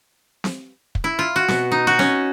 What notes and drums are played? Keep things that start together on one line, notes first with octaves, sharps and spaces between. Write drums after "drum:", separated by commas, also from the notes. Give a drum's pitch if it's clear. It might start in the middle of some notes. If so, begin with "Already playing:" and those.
drum: snare C4
drum: kick
E4
F4
F#4
B2, drum: snare C4
D#4
F#4
C#4, drum: snare C4